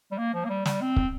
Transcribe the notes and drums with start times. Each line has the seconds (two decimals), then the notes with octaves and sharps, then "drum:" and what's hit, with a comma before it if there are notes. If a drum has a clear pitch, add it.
0.12 G3
0.18 A#3
0.34 F3
0.45 A#3
0.49 G3
0.66 G3, drum: snare
0.81 C4
0.96 drum: kick